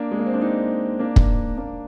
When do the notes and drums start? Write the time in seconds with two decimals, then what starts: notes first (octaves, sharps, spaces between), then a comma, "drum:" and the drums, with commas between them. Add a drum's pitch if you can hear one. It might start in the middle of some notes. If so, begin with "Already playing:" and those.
Already playing: A#3 D4
0.11 G#3
0.19 A#3
0.27 C4
0.34 D4
0.42 C4 D#4
0.99 A#3 D4
1.16 drum: kick
1.58 A#3 D4